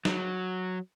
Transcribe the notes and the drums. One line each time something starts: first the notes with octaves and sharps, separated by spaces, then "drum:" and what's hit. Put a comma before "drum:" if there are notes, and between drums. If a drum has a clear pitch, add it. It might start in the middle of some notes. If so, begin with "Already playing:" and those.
F#3, drum: snare